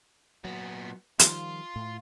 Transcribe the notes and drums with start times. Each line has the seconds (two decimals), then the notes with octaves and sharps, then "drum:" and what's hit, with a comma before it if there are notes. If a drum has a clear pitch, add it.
0.45 A#2 F#3 B3
1.19 D#3 F3 G3 F4, drum: hi-hat
1.76 A2